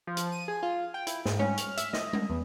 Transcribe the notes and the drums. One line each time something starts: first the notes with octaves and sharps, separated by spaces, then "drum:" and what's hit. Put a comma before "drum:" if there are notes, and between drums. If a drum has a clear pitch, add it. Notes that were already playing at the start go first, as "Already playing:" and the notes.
F3
drum: hi-hat
D#7
G#4
F4
G5
E4, drum: hi-hat
G#2, drum: snare
C#4, drum: tom G3
F6, drum: hi-hat
E5, drum: hi-hat
D#5, drum: snare
drum: tom G3
E2